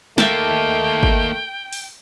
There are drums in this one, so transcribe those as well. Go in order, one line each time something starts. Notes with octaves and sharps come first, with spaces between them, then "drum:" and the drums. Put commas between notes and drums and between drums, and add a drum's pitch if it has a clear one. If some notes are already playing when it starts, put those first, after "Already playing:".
D#3 A3 A#3 E5 G5 A5, drum: snare
drum: kick G#1
drum: open hi-hat